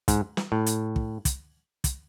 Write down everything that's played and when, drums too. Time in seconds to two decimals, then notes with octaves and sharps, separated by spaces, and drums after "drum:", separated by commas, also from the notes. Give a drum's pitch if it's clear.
0.08 G#2, drum: kick, hi-hat
0.37 drum: snare
0.52 A2
0.66 drum: hi-hat
0.96 drum: kick
1.25 drum: kick, hi-hat
1.84 drum: kick, hi-hat